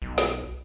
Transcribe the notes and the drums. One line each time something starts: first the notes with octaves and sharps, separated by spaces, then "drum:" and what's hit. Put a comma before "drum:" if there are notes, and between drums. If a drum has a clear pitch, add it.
B1
drum: snare